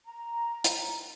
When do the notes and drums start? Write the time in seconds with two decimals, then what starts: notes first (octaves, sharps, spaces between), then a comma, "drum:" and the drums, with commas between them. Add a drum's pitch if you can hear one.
0.06 A#5
0.64 drum: hi-hat